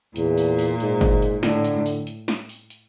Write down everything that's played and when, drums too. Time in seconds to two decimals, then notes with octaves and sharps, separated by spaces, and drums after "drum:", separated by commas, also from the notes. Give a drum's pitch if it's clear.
0.16 E2 A#2, drum: hi-hat
0.38 drum: open hi-hat
0.59 drum: open hi-hat
0.80 G#2, drum: hi-hat
1.01 drum: kick, hi-hat
1.22 drum: hi-hat
1.43 A2 D3, drum: snare
1.65 drum: hi-hat
1.86 drum: open hi-hat
2.07 drum: hi-hat
2.28 drum: snare
2.49 drum: open hi-hat
2.70 drum: hi-hat